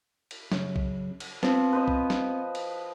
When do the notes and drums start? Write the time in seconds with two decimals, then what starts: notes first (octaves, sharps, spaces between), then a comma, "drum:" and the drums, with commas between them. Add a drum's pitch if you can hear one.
0.31 drum: cymbal
0.52 F#2 C#3, drum: snare
0.76 drum: kick
1.20 drum: cymbal
1.43 F3 B3 C4, drum: snare
1.73 B4 C5 D#5
1.88 drum: kick
2.10 drum: snare
2.55 drum: cymbal